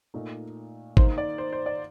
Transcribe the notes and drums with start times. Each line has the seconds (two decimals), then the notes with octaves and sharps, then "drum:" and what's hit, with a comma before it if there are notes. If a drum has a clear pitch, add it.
0.14 A#2 A3 D#4
0.97 D#3 A#3 D#4 C5, drum: kick G#1
1.18 D5
1.38 C5
1.53 C5
1.66 D5